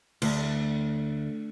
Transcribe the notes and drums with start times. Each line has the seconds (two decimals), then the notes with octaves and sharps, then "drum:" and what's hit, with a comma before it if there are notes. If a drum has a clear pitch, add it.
0.22 D2, drum: cymbal